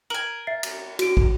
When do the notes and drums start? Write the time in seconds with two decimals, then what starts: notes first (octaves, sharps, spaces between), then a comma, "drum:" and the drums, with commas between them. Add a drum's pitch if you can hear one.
0.10 A#4 G#5 F#7
0.47 E5 A6 C7
0.63 drum: cymbal
0.99 F#4 D7, drum: cymbal
1.17 drum: kick